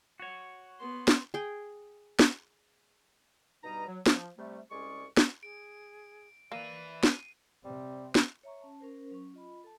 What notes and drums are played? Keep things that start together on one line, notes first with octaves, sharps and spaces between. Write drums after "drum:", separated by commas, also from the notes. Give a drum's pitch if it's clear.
F#4 C#5
B3 C6
drum: snare
G#4 G5
drum: snare
G2 B2 G3 D#4 D#5 A#5
F#3
F3, drum: snare
C3 G3 A3
C2 G#3 C#4 G#4 D5 C#6
drum: snare
G#4 D7
A#3 B4 D5 E5 C7 D#7
drum: snare
C3 G3 C4
drum: snare
C#5 E5 A#5 C#6
C#4 A5
C#4 A#4 C5
F#3 C#4 C#6
F4 D#5 B5
A4 A5